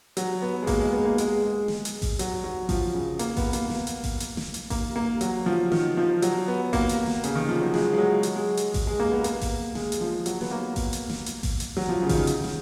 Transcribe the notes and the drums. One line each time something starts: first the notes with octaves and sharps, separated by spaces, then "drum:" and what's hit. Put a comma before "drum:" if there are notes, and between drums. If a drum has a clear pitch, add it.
F#3, drum: hi-hat
B3
G#3
A#3, drum: kick A1, open hi-hat
G#3
B3
A#3
G#3, drum: hi-hat
G#3
drum: snare
drum: hi-hat
drum: kick A1, open hi-hat
F#3, drum: hi-hat
F#3
F3, drum: kick A1, open hi-hat
C#3
A#3, drum: hi-hat
B3, drum: kick A1, open hi-hat
A#3, drum: hi-hat
drum: snare
drum: hi-hat
drum: kick A1, open hi-hat
drum: hi-hat
drum: snare
drum: hi-hat
A#3, drum: kick A1, open hi-hat
A#3
F#3, drum: hi-hat
F3
D#3, drum: snare
F3
F#3, drum: hi-hat
B3
A#3, drum: kick A1, open hi-hat
drum: hi-hat
drum: snare
C#3, drum: hi-hat
D#3
F3
F#3
G#3, drum: snare
G#3
F#3
F#3, drum: hi-hat
G#3
drum: hi-hat
drum: kick A1, open hi-hat
G#3
A#3
B3
A#3, drum: hi-hat
drum: kick A1, open hi-hat
G#3, drum: snare
drum: hi-hat
F3
F#3, drum: hi-hat
B3, drum: snare
A#3
drum: kick A1, open hi-hat
drum: hi-hat
drum: snare
drum: hi-hat
drum: kick A1, open hi-hat
drum: hi-hat
F#3, drum: snare
F3
C#3
D#3, drum: kick A1, open hi-hat
C#3
drum: hi-hat
drum: snare